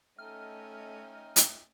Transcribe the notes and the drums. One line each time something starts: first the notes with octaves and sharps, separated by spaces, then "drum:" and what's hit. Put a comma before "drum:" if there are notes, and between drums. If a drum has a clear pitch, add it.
A3 C#4 D#4 A4 D#5 E5 G5 F6
drum: hi-hat